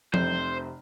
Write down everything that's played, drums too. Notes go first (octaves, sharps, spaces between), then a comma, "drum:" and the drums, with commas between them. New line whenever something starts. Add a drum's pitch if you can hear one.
F1 C3 C5, drum: tom F3